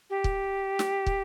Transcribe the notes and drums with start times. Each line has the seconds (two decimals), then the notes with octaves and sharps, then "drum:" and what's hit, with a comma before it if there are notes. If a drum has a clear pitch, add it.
0.10 G4
0.24 drum: kick
0.79 drum: snare
1.07 drum: kick